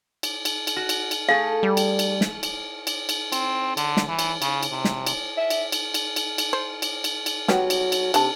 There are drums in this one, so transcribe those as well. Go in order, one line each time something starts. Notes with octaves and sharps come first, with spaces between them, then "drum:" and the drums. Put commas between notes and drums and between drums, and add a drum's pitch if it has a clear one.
drum: cymbal
drum: cymbal
drum: cymbal
F#4
drum: cymbal
drum: cymbal
A3 G#4 A4 F5
G3
drum: cymbal
drum: cymbal
drum: snare
drum: cymbal
drum: cymbal
drum: cymbal
C4, drum: cymbal
D3, drum: cymbal
drum: snare
E3
drum: cymbal
C#3, drum: cymbal
drum: cymbal
C3
drum: snare
drum: cymbal
E5
drum: cymbal
drum: cymbal
drum: cymbal
drum: cymbal
drum: cymbal
C5
drum: cymbal
drum: cymbal
drum: cymbal
F#3 G3 B3 F#4, drum: snare
drum: cymbal
drum: cymbal
C3 D4 A5, drum: cymbal